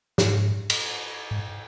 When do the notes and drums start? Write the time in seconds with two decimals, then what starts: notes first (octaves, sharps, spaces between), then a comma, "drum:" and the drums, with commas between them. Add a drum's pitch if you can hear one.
0.18 G#2, drum: snare
0.70 drum: cymbal
1.31 G#2